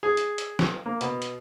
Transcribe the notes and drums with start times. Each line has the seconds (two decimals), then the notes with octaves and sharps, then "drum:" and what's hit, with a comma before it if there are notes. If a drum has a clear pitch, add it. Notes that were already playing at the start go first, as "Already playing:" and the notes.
0.03 G#4
0.17 drum: hi-hat
0.38 drum: hi-hat
0.59 drum: snare
0.86 A#3
1.01 B2, drum: hi-hat
1.22 drum: hi-hat